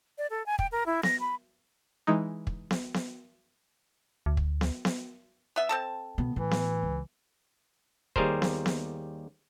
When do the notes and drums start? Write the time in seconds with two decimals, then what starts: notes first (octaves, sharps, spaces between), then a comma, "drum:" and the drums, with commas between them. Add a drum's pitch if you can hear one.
0.18 D5
0.30 A4
0.46 G#5
0.59 G5, drum: kick
0.72 A#4
0.86 E4
1.03 A#6, drum: snare B3
1.20 B5
2.07 E3 G#3 D#4
2.47 drum: kick
2.71 drum: snare B3
2.94 drum: snare B3
4.26 D2
4.37 drum: kick
4.61 drum: snare B3
4.85 drum: snare B3
5.56 B3 E5
5.69 C4 A4 A5
6.18 B2 B3
6.36 A2 E3
6.51 drum: snare B3
6.83 C#2
8.16 D#2 G3 G#4 A#4 C5, drum: kick
8.42 drum: snare B3
8.66 drum: snare B3